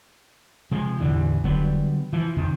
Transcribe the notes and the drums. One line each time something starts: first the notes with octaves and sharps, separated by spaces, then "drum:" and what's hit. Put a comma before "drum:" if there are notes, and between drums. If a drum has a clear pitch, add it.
C3 F3 G#3
A1 E2 D3 E3
D3 F#3 G3 B3, drum: kick E1
E3 F3
F2 C3 D#3